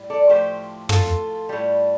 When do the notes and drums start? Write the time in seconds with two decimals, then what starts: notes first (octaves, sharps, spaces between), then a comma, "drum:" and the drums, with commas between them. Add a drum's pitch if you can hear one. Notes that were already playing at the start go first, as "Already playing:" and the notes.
Already playing: A2 G3
0.10 A4 D5
0.29 A2 F3 A3 G4 C5
0.89 F4 A4, drum: tom
1.49 A2 G3